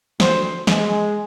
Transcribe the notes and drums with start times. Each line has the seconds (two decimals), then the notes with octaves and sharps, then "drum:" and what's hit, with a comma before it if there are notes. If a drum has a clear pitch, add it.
0.20 D2 C5, drum: snare
0.67 G#3, drum: snare